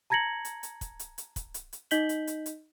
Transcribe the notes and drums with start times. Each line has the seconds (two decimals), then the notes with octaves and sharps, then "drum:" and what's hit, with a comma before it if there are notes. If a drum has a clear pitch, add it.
0.10 A5 A#5 G#6 A#6 C#7 F#7
0.45 drum: hi-hat
0.63 drum: hi-hat
0.81 drum: kick, hi-hat
0.99 drum: hi-hat
1.18 drum: hi-hat
1.36 drum: kick, hi-hat
1.54 drum: hi-hat
1.73 drum: hi-hat
1.91 D#4 D#5 G6 B6 F#7 G7, drum: hi-hat
2.09 drum: hi-hat
2.27 drum: hi-hat
2.46 drum: hi-hat